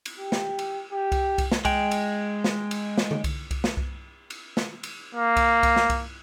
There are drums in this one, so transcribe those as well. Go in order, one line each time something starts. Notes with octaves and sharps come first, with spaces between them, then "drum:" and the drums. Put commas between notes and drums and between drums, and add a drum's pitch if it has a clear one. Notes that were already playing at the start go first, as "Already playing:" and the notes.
drum: cymbal
G4
drum: snare
drum: cymbal
G4
drum: kick C2, cymbal
drum: kick C2, cymbal
drum: snare
G#3 G5, drum: kick C2, cymbal
drum: cymbal
drum: snare
drum: cymbal
drum: snare
drum: tom D3
drum: kick C2, cymbal
drum: kick C2, cymbal
drum: snare
drum: kick C2
drum: cymbal
drum: snare
drum: cymbal
A#3
drum: kick C2, cymbal
drum: kick C2, cymbal
drum: snare
drum: kick C2, cymbal